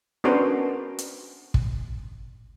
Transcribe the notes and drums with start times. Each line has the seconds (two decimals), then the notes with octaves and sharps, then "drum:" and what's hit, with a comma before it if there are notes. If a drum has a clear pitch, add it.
0.24 B3 C#4 D4 F#4 A#4 C5
0.98 drum: hi-hat
1.54 drum: kick